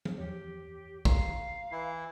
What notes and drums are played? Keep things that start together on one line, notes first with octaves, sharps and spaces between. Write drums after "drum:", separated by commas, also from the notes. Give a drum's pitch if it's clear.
drum: tom
E2 G4 C#5
F5 A#5 C6, drum: kick
E3 E4